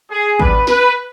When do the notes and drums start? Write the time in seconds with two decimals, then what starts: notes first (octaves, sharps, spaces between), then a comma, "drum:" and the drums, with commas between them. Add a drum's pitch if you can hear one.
0.11 G#4
0.39 G3 B3 D4 B4, drum: kick
0.67 B4, drum: snare